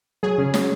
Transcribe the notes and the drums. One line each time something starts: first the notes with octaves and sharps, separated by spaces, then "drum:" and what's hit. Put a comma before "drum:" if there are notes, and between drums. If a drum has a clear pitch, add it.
F#3 G#4
C#3
F#3, drum: snare